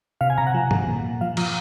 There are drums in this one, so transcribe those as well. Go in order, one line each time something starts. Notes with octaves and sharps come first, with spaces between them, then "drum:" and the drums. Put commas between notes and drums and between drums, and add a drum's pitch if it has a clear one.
C3 F5
G#5
C3 A#5
F#5
F3
F3, drum: tom G2
A#2
A#2
F3 F5
F3 A#5, drum: cymbal